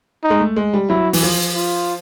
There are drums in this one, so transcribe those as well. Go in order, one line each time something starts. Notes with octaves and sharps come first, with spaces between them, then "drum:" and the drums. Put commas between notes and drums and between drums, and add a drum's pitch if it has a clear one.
D#4
G#3
A3
G#3
G3
F#3 E4
E3, drum: open hi-hat
F3
F4